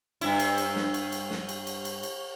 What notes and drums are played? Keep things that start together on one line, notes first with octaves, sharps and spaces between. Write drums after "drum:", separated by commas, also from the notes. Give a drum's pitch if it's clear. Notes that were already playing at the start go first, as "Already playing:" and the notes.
G2 E4, drum: cymbal
drum: cymbal
drum: cymbal
drum: snare
drum: cymbal
drum: cymbal
drum: snare
drum: cymbal
drum: cymbal
drum: cymbal
drum: cymbal